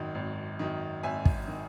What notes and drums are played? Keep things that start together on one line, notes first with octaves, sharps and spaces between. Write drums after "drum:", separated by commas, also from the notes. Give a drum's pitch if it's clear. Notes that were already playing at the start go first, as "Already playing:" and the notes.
Already playing: G#1 F#2 D#3
G#1
F#2 D#3
G#1 E5 G#5
drum: kick
D#3